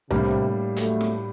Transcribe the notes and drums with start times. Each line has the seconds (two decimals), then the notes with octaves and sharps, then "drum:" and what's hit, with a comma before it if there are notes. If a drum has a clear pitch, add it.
0.10 A2 C3 G3 A#3 D4, drum: tom C2
0.76 F#3 A3, drum: hi-hat
1.01 drum: snare